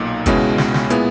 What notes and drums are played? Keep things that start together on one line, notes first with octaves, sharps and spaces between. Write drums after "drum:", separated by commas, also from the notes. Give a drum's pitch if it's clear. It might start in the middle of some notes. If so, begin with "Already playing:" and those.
Already playing: B1 A#2 A#3 D#4
C#2 B2 G#3 C#4 E4, drum: kick, hi-hat
drum: snare
drum: snare
A#2 G#3 B3 E4, drum: hi-hat